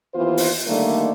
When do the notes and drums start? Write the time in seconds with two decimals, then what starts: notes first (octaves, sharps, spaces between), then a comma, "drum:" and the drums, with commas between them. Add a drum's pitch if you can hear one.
0.14 D#2 E3 B3 F4 C5
0.37 drum: open hi-hat
0.66 D3 D#3 G3 A3 A#3